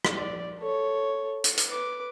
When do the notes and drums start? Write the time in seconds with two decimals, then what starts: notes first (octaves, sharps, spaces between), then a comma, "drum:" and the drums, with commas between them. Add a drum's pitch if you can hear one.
0.05 drum: rim click
0.16 D5
0.59 A4 C#5
1.44 drum: hi-hat
1.57 drum: hi-hat
1.67 B4 D6